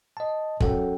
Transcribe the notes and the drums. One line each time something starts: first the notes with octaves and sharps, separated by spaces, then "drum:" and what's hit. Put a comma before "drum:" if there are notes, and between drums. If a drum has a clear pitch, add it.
D#5 A5
F#2 A4 F#5 G5, drum: kick